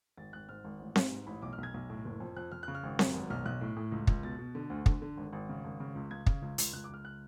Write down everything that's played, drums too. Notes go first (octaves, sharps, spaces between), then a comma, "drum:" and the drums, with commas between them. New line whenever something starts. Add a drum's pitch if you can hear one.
G#1 A6
G#1 F#6
G#2 F6
G#1
A1
G#2, drum: snare C4
G#2
A1 B5
B1 D6
F6
B1
G#6
B1
A2
F#1
F2
F2 F#6
F2 F6
C#3 F#6
F6
G#1
F#2, drum: snare C4
G#1
B1 F6
B1 F#6
A2
A2
C#2
C#2, drum: kick
B2 A6
B2
D3
D2
D3, drum: kick
D3
G#1
G#1
C#3
G#1
C#3
C#2
C#3 G#6
C#3, drum: kick
C#2
C#2, drum: hi-hat
C#2 F#6
D6
C#2 F6
F#6